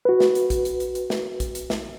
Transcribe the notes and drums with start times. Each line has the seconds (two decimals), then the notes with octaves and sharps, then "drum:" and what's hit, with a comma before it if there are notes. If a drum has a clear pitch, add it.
0.05 F#4 B4
0.20 drum: snare
0.35 drum: hi-hat
0.50 drum: kick A#1, hi-hat
0.65 drum: hi-hat
0.80 drum: hi-hat
0.95 drum: hi-hat
1.10 drum: snare
1.40 drum: kick A#1, hi-hat
1.55 drum: hi-hat
1.70 drum: snare